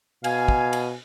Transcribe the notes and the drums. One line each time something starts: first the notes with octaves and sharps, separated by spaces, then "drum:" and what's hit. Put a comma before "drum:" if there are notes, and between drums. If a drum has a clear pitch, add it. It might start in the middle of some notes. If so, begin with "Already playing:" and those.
B2 F5 G#5, drum: cymbal
drum: kick
drum: cymbal